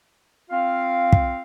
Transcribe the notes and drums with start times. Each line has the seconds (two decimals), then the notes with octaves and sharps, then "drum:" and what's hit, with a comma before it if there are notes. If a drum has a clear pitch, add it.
0.50 C4 F4 F5
1.13 drum: kick